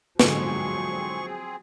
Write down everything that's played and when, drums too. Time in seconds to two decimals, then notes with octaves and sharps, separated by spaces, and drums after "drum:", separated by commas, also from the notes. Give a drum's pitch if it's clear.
0.19 G#2 D3 F3 F#3 G#3 C4 G#4 C#6, drum: snare